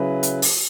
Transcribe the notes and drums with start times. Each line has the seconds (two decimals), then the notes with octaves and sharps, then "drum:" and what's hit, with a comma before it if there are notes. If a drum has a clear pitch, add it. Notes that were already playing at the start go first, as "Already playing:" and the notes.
Already playing: C#3 F#3 C#4 E4 B4
0.23 drum: hi-hat
0.42 drum: open hi-hat